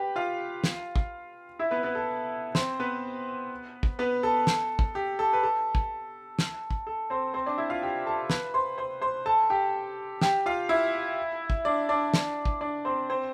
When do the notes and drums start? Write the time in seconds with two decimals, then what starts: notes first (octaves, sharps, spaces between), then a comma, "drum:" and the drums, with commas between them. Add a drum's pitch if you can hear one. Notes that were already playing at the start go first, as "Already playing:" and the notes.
Already playing: G4 B4 G5 B5
0.16 F4 F5
0.64 drum: snare
0.96 drum: kick
1.59 E4 E5
1.71 B3 B4
1.83 B3 B4
1.95 A4
2.55 C4 C5, drum: snare
2.80 B3 B4
3.83 drum: kick
3.99 B3 B4
4.23 A4
4.47 drum: snare
4.79 drum: kick
4.95 G4
5.19 A4
5.33 B4
5.43 A4
5.75 drum: kick
6.39 drum: snare
6.71 drum: kick
6.87 A4
7.10 C4 C5
7.34 C4 C5
7.46 D4 D5
7.58 E4 E5
7.70 F4 F5
7.83 G4 G5
8.06 A4 A5
8.30 B4 B5, drum: snare
8.54 C5 C6
8.78 C5 C6
9.01 C5 C6
9.26 A4 A5
9.50 G4 G5
10.21 G4 G5, drum: snare
10.46 F4 F5
10.69 E4 E5
11.50 drum: kick
11.65 D4 D5
11.89 D4 D5
12.14 drum: snare
12.45 drum: kick
12.61 D4 D5
12.85 C4 C5
13.10 C4 C5